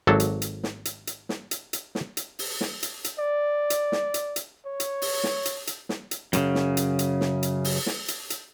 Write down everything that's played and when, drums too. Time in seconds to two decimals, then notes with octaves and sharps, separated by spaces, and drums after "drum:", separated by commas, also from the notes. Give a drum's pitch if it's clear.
0.07 G#1 F#3 A4
0.20 drum: hi-hat
0.42 drum: hi-hat
0.63 drum: snare
0.85 drum: hi-hat
1.07 drum: hi-hat
1.29 drum: snare
1.51 drum: hi-hat
1.73 drum: hi-hat
1.95 drum: snare
2.17 drum: hi-hat
2.39 drum: open hi-hat
2.61 drum: snare
2.83 drum: hi-hat
3.04 drum: hi-hat
3.19 D5
3.70 drum: hi-hat
3.92 drum: snare
4.14 drum: hi-hat
4.36 drum: hi-hat
4.66 C#5
4.80 drum: hi-hat
5.02 drum: open hi-hat
5.24 drum: snare
5.45 drum: hi-hat
5.67 drum: hi-hat
5.89 drum: snare
6.11 drum: hi-hat
6.33 F#2 A2 C#3, drum: hi-hat
6.55 drum: snare
6.77 drum: hi-hat
6.99 drum: hi-hat
7.21 drum: snare
7.43 drum: hi-hat
7.64 drum: open hi-hat
7.86 drum: snare
8.08 drum: hi-hat
8.30 drum: hi-hat